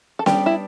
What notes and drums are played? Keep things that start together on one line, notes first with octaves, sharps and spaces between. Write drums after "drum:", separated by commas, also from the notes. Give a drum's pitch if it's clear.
A4
G3 B3 D4 G4, drum: snare C#4
E4